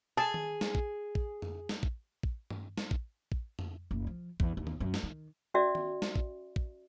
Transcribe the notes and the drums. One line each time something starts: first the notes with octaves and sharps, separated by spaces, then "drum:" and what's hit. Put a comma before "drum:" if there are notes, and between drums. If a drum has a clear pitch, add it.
G#4 A5
drum: tom D#3
drum: snare
drum: kick
drum: kick
drum: tom F2
drum: snare
drum: kick
drum: kick
drum: tom G2
drum: snare
drum: kick
drum: kick
drum: tom F2
F#1
F3
E2, drum: kick
D#2
drum: tom
F#2
drum: snare
D#3
C#4 F#4 D5 E5
drum: tom
drum: snare
drum: kick
drum: kick